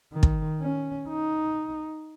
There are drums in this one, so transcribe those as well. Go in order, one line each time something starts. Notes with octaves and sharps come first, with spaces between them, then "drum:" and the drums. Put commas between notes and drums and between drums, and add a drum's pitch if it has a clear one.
D#3
drum: kick
C#4
D#4